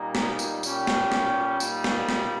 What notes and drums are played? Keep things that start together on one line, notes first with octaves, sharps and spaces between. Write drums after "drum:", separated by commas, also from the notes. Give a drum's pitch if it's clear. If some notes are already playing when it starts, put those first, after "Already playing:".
Already playing: A#2 G3 A#3 D#4
drum: snare
drum: tambourine
A#2 G3 C#4 G4, drum: tambourine
drum: snare
drum: snare
A#2 G3 A#3 D#4, drum: tambourine
drum: snare
drum: snare